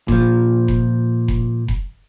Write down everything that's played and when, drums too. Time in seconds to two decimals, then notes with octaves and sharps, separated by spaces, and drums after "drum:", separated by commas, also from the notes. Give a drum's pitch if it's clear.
0.08 A#2 F3, drum: kick F1
0.68 drum: kick F1
1.28 drum: kick F1
1.68 drum: kick F1